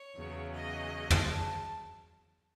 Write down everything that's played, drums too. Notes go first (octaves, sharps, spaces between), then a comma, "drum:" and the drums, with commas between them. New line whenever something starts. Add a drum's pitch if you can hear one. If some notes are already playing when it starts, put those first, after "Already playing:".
Already playing: C#5
E2 C#3 F#3
D#5
drum: tom
A5